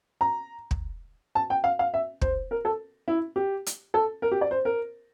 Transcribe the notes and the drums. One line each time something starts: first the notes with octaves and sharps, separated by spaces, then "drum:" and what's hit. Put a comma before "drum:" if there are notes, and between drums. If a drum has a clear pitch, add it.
A#5
drum: kick
A5
G5
F5
F5
E5
C5, drum: kick
A#4
A4
E4
G4
drum: hi-hat
A4
A#4
G4
D5
C5
A#4